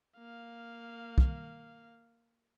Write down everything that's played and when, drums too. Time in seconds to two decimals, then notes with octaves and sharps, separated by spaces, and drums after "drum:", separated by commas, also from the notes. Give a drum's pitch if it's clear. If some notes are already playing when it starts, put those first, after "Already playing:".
0.18 A#3 F5
1.18 drum: kick